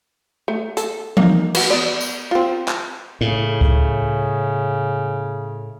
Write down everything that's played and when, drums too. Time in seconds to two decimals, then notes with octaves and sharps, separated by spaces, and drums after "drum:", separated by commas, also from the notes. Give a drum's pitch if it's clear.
0.48 A3
0.77 A4, drum: hi-hat
1.17 A#3 D#4, drum: tom E3
1.55 F#4 B4, drum: cymbal
1.70 B3 D5
2.01 drum: tambourine
2.31 C4 F4
2.68 drum: clap
3.21 A2 C#3
3.61 drum: kick C#2